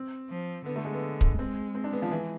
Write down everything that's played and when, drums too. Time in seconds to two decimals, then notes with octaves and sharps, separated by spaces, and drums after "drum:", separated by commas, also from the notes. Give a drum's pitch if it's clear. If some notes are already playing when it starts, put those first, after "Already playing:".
Already playing: C4
0.30 F3
0.66 D3 B3
0.76 A3
0.85 G#3
0.94 B3
1.21 drum: kick
1.39 G#3 C4
1.75 C4
1.84 D4
1.93 B3
2.02 F3
2.11 E3